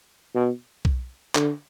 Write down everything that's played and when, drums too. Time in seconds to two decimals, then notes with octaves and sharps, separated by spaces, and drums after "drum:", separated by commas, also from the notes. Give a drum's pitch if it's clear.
0.35 B2
0.85 drum: kick B1
1.35 D3, drum: clap